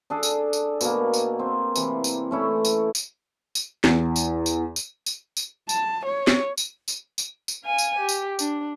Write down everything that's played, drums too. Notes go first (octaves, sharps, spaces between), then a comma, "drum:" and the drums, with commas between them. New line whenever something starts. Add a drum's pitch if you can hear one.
D4 G#4 A4
drum: tambourine
drum: tambourine
B2 A#3, drum: tambourine
drum: tambourine
C4
C3 E3, drum: tambourine
drum: tambourine
A3 C#4 E4
drum: tambourine
drum: tambourine
drum: tambourine
E2, drum: snare
drum: tambourine
drum: tambourine
drum: tambourine
drum: tambourine
drum: tambourine
A5, drum: tambourine
C#5
drum: snare
drum: tambourine
drum: tambourine
drum: tambourine
drum: tambourine
F5 G#5
drum: tambourine
G4
drum: tambourine
D4, drum: tambourine